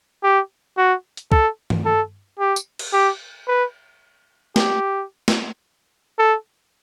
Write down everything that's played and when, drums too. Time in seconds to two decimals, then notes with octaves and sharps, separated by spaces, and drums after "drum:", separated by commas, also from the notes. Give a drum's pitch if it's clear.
0.23 G4
0.77 F#4
1.17 drum: hi-hat
1.32 A4, drum: kick
1.70 drum: tom
1.85 A4
2.39 G4
2.56 drum: tambourine
2.79 drum: cymbal
2.93 G4
3.48 B4
4.56 G4, drum: snare
5.28 drum: snare
6.19 A4